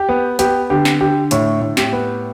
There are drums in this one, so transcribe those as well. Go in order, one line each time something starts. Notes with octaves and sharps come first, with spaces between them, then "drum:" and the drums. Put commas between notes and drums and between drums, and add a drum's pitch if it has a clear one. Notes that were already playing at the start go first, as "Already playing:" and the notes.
Already playing: G4
B3
B3 G4, drum: hi-hat
D3 G4
drum: snare
D3 G4
A2 C#5, drum: hi-hat
A2
G4, drum: snare
B3